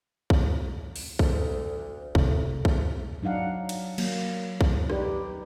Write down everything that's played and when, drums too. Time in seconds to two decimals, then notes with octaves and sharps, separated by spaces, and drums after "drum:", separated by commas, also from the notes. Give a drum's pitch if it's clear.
0.30 drum: kick
0.96 drum: open hi-hat
1.19 D2, drum: kick
2.15 C3 A3, drum: kick
2.65 drum: kick
3.22 F#3 D4 D#4 F5 F#5
3.69 drum: cymbal
3.98 F#3 A#3, drum: cymbal
4.61 drum: kick
4.90 D#4 G4 B4 D5, drum: rim click